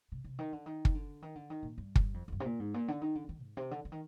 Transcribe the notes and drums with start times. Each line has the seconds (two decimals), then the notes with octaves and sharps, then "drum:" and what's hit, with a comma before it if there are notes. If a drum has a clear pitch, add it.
0.12 C3
0.24 C3
0.39 D#3
0.53 D3
0.66 D#3
0.85 drum: kick
0.95 D3
1.22 D#3
1.35 D3
1.50 D#3
1.63 A#2
1.78 G2
1.96 G2, drum: kick
2.14 F2
2.28 F2
2.32 G2
2.40 C3
2.46 A#2
2.60 G#2
2.74 A#2
2.88 D3
3.02 D#3
3.15 D3
3.29 D#3
3.42 G#2
3.57 C3
3.71 D3
3.85 D3
3.92 D#3